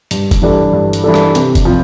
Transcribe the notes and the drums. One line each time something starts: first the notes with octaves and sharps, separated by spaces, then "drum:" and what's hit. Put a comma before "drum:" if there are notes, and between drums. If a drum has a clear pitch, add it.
G2, drum: hi-hat
drum: kick F#1, hi-hat
E3 G3 D4 A4
G2
drum: hi-hat
E3 G3 D4 A4
drum: rim click
C3, drum: hi-hat
drum: kick F#1, hi-hat
F3 C4